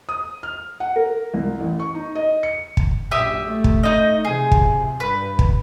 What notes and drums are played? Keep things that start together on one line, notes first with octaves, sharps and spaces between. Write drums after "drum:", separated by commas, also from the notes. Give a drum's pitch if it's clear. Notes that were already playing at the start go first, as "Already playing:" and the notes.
D#6
F6
F#5
A#4
C2
A1
C#6
D#4
D#5
C#7
drum: kick
A#1 F#2 G4 E5 D#6
A3
drum: kick
D#4 D#5
C3 F3 G#4
drum: kick
G2 B4
drum: kick